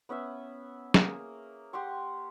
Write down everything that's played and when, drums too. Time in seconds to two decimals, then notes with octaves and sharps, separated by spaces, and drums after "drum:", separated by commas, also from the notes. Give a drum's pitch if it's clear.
0.09 B3 C#4 B4 E5
0.94 A#3 G#4, drum: snare
1.73 G4 F#5 C6 C#6